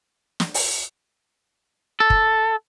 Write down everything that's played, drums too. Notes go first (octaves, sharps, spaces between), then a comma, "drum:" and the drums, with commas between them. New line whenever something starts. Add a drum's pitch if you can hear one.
drum: snare
drum: open hi-hat
A4
drum: kick